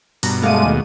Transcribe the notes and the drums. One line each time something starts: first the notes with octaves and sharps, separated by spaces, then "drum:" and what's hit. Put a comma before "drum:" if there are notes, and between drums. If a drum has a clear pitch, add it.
G2 B2 A#5, drum: open hi-hat
G#3 A3 D5 F5 F#5 D#7
D#2 B2